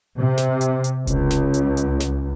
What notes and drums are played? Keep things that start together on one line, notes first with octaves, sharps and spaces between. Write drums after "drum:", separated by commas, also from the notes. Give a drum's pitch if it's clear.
C3
drum: snare
drum: hi-hat
drum: hi-hat
C#2, drum: kick E1, hi-hat
drum: snare
drum: hi-hat
drum: hi-hat
drum: snare